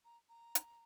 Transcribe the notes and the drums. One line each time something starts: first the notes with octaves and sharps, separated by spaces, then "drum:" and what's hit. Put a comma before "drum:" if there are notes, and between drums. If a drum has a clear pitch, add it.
A#5
A#5
drum: hi-hat